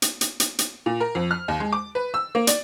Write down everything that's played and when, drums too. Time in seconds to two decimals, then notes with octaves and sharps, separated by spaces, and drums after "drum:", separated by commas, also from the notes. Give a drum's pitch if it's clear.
0.02 drum: hi-hat
0.21 drum: hi-hat
0.40 drum: hi-hat
0.59 drum: hi-hat
0.86 A#2
1.00 A#4
1.15 F2
1.31 F6
1.48 D#2
1.60 G#3
1.73 D6
1.95 B4
2.14 E6
2.35 A#3
2.47 D5, drum: hi-hat